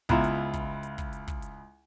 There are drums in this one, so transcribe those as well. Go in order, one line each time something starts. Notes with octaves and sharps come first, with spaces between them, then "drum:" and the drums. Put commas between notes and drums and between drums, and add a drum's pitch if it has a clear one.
C#2 B3 E4 F4 E5 A#5, drum: kick, hi-hat
drum: hi-hat
drum: kick, hi-hat
drum: hi-hat
drum: kick, hi-hat
drum: hi-hat
drum: kick, hi-hat
drum: hi-hat